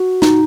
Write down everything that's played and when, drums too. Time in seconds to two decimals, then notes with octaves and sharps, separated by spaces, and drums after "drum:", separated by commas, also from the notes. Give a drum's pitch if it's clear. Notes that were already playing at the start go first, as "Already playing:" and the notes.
Already playing: F#4
0.22 D#4, drum: snare